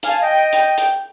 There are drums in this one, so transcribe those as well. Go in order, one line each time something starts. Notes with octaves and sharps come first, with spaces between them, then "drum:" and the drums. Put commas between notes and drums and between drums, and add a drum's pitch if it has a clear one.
F5 G#5 A5, drum: hi-hat
D#5 G5
drum: hi-hat
drum: hi-hat